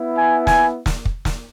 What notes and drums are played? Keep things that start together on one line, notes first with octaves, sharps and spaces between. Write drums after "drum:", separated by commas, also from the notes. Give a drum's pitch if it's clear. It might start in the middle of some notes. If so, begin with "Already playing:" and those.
Already playing: B3 E4
G#5
G#5, drum: snare
drum: snare
drum: kick
drum: snare